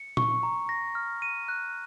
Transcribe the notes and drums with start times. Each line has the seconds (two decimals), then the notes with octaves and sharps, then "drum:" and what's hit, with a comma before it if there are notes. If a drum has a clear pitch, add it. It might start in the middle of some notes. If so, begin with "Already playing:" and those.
Already playing: C#7
0.17 C#6, drum: tom A#2
0.43 A#5
0.69 A#6
0.95 F6
1.22 D#7
1.48 F#6